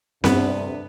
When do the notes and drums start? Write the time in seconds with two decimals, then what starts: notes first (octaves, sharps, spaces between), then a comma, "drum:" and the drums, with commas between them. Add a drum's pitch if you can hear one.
0.24 D2 G2 C3 B3 D4 B4, drum: snare C4